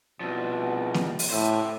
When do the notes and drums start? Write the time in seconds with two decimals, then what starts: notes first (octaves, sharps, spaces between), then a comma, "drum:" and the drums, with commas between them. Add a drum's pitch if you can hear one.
0.20 C2 B2 F3
0.94 drum: snare A#3
1.19 drum: open hi-hat
1.30 A2 C5 E5